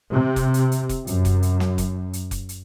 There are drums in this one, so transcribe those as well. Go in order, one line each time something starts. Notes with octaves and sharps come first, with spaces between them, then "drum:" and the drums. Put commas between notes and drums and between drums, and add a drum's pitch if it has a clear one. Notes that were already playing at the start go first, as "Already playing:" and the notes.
C3
drum: kick F1, hi-hat
drum: hi-hat
drum: hi-hat
drum: kick F1, hi-hat
F#2, drum: hi-hat
drum: kick F1, hi-hat
drum: hi-hat
drum: snare
drum: kick F1, hi-hat
drum: hi-hat
drum: kick F1, hi-hat
drum: hi-hat